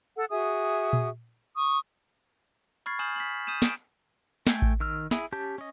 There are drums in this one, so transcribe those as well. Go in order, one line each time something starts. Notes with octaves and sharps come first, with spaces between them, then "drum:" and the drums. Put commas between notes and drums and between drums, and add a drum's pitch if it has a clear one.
A4 F#5
F#4 G#4 E5 D#6
drum: tom A#2
C#6 D#6
B5 C#6 F6 G#6 A6 C7
G#5 D#6 F6 G6 E7 F#7
B6 F#7
D#6 G6 D#7 E7
D7 E7, drum: snare
A3 A4 G5 G#5, drum: snare
drum: kick A1
D#3 E6 F6
E4 G#4, drum: snare
C#4 G4 A5 G6
C#4 D#5